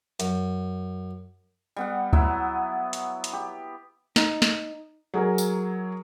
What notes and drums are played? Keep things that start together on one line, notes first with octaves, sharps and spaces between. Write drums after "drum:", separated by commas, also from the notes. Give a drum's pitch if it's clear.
F#2, drum: hi-hat
G3 B3 F#5
F#3 B3 E4, drum: kick D2
drum: hi-hat
drum: hi-hat
G4
D#4, drum: snare
drum: snare
F#3 G#4 A#4
drum: tambourine